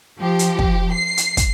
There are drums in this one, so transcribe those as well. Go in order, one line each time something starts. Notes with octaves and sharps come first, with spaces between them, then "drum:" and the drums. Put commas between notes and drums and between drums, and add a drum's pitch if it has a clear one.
F3 G4
drum: hi-hat
drum: kick
C7
drum: hi-hat
drum: kick, hi-hat